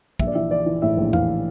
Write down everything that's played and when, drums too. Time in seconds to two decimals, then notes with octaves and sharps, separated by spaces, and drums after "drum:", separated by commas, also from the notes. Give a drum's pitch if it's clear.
0.19 A#1 E5, drum: kick
0.27 D5
0.35 E3 E5
0.51 E3 D5
0.66 E3
0.82 A2 E5
0.97 A#1
1.13 E3 F5, drum: tom E2